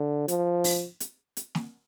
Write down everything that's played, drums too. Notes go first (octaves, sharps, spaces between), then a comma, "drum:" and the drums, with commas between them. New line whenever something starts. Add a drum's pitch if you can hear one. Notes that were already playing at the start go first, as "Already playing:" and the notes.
Already playing: D3
F3, drum: hi-hat
drum: open hi-hat
drum: hi-hat
drum: hi-hat
drum: snare